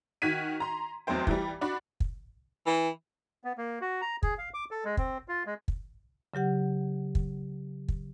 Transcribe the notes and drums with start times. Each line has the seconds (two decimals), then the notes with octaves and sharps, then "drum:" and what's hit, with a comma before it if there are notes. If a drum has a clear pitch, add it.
0.22 D#3 F#4 G#6 B6 D#7
0.60 A#5 C6
1.07 F1 E2 F#3 C4 C5 G5
1.27 E3 G3, drum: kick
1.61 D4 F#4 B5
2.00 drum: kick
2.66 E3
3.44 B3
3.58 A#3
3.81 F#4
4.01 A#5
4.23 G#4, drum: kick
4.38 F5
4.54 D6
4.71 A4
4.85 G#3
4.97 C4, drum: kick
5.28 F4
5.46 G#3
5.68 drum: kick
6.34 C#3 F#3 G4 F#5
7.15 drum: kick
7.88 drum: kick